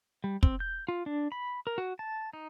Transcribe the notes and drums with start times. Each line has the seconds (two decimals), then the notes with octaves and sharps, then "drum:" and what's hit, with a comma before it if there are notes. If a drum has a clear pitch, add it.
0.24 G3
0.43 C4, drum: kick
0.60 G6
0.88 F4
1.06 D4
1.32 B5
1.67 A#4
1.78 F#4
1.99 A5
2.33 D#4